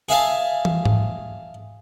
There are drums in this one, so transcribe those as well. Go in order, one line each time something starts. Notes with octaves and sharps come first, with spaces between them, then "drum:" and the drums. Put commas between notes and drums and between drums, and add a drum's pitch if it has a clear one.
G#4 E5 F5 A5
drum: tom
drum: tom G#2